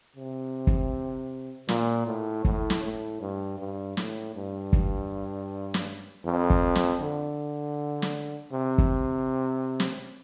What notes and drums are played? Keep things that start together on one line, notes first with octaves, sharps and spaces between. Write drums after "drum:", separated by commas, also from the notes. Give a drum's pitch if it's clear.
C3
drum: kick
A#2, drum: snare
A2
A2, drum: kick
drum: snare
A2
G2
G2
A2, drum: snare
G2
drum: kick
drum: snare
F2
drum: kick
drum: snare
D3
drum: snare
C3
drum: kick
drum: snare